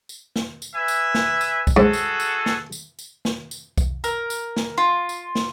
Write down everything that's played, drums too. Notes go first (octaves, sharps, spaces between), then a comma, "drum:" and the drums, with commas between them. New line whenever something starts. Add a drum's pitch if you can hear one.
drum: tambourine
drum: snare
drum: tambourine
B4 E5 G#5
drum: tambourine
drum: snare
drum: tambourine
drum: kick B1, tambourine
G#2 F#4 G#4 A4
drum: tambourine
drum: tambourine
drum: snare
drum: tambourine
drum: tambourine
drum: snare
drum: tambourine
drum: kick B1, tambourine
A#4, drum: tambourine
drum: tambourine
drum: snare
F4
drum: tambourine
drum: snare